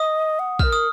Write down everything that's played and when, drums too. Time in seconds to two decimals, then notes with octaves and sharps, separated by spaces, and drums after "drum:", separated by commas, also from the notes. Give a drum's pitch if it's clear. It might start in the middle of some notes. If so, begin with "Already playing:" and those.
Already playing: D#5 D#6
0.39 F#5
0.59 A#4 F6, drum: kick
0.73 D#6